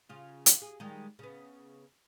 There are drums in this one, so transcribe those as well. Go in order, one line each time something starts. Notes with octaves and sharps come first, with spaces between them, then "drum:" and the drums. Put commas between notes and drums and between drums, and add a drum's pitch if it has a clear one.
C#3 F4
drum: hi-hat
G#4
D#3 G3 G#3
C#3 B3